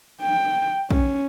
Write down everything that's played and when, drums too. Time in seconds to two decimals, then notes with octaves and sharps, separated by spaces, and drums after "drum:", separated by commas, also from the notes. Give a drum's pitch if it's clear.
0.22 G5
0.91 C#4, drum: kick